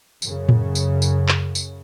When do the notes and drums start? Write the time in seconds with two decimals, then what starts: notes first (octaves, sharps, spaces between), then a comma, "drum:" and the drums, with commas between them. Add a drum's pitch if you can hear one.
0.22 F#2 C#3, drum: tambourine
0.49 drum: tom A2
0.75 drum: tambourine
1.02 drum: tambourine
1.29 drum: clap
1.55 drum: tambourine